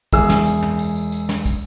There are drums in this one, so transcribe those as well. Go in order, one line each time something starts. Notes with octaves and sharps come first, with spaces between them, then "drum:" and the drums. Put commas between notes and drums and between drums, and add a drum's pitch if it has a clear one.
E1 E3 G#4 E6, drum: kick, tambourine
drum: snare
drum: tambourine
drum: tom
drum: tambourine
drum: tambourine
drum: tambourine
drum: snare
drum: kick, tambourine